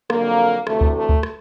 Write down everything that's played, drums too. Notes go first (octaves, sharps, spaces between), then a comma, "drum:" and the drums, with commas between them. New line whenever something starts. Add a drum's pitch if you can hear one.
F2 D3 F#3 A#3, drum: rim click
D2 C3 E3 A3, drum: rim click
drum: kick C#2
A3
drum: kick C#2
drum: rim click